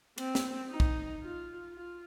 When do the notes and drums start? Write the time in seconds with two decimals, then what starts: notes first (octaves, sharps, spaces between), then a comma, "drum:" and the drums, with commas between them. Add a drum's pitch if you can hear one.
0.18 C4, drum: cymbal
0.35 drum: snare
0.70 D#4
0.80 drum: kick
1.22 F4
1.74 F4